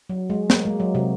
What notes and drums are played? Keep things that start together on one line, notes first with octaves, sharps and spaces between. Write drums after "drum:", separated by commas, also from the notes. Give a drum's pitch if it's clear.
F#3
G#3
A#3, drum: snare
G#3
F#3
C3